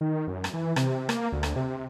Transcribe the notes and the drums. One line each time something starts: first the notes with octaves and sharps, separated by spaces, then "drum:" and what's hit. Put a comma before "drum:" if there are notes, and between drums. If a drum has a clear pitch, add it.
D#3
F#2
drum: rim click
E3
C3, drum: rim click
A#3, drum: rim click
D2
drum: rim click
C3